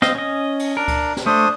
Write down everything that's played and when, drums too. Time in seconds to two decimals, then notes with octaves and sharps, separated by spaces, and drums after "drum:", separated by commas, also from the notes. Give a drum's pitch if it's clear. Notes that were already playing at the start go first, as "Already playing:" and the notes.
0.02 C4 D#5 F5, drum: snare
0.15 C#4 D#5
0.59 drum: cymbal
0.77 D4 A#4
0.88 drum: kick C#2, cymbal
1.17 drum: snare
1.26 A3 D4 C5 D#6